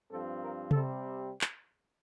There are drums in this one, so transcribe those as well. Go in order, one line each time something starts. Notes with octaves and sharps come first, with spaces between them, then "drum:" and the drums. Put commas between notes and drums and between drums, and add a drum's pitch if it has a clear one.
G2 F3 C4 A4
A#4
C3 G3 C4 A4, drum: tom C3
drum: clap